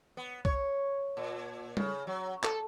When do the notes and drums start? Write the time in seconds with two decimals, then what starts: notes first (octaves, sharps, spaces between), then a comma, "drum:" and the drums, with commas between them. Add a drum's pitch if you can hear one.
0.17 B3
0.45 C#5, drum: kick
1.17 A#2
1.77 C#3, drum: tom G3
2.07 F#3
2.43 A4, drum: clap